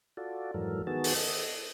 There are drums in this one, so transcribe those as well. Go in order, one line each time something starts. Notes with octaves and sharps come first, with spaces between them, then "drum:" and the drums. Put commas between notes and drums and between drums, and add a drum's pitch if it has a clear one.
F4 F#4 A4 D5
F2 G#2 E3 F#3 A4 A#4
D#3 B3 F#4 G#4 A5
drum: open hi-hat
A4 D#5